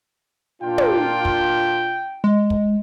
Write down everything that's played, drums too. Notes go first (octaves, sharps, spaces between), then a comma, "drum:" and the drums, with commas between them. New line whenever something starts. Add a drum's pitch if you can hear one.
A#2 D4 F4 G5
drum: tom
drum: kick
G#3
drum: kick